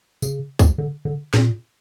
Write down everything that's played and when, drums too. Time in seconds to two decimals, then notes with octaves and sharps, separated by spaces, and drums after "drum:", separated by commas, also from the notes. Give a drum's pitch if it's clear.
0.22 C#3, drum: tambourine
0.59 drum: kick, tambourine
0.78 D3
1.05 D3
1.34 A#2, drum: snare